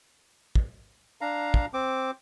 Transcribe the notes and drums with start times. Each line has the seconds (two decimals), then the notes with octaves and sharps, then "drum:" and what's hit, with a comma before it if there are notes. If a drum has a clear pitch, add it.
0.55 drum: kick
1.21 D4 F5 A#5
1.54 drum: kick
1.74 C4 D6